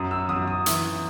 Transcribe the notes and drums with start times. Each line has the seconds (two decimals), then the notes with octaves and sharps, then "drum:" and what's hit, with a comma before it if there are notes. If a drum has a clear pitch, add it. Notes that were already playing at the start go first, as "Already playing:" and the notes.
Already playing: F#2 D#6
0.11 E6
0.29 F#2 D#6
0.47 D#6
0.66 E3 D#6, drum: hi-hat